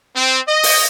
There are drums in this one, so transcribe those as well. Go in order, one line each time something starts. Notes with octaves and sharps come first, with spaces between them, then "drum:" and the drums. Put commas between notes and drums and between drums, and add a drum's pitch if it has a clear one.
C4
D#5
drum: open hi-hat